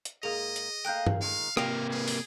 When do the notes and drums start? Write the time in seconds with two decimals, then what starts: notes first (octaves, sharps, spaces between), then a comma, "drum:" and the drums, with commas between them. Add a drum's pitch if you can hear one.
0.05 drum: hi-hat
0.23 G#2 A#3 G#4 D#5
0.56 drum: hi-hat
0.85 A3 A#3 F5 G5 F#6 G6
1.07 drum: tom G2
1.21 A#2 D#3 G#3 F5
1.57 C3 A#3 F4 A#4 G5 C7 F7, drum: rim click
1.90 G3 G#4 B4
2.08 drum: open hi-hat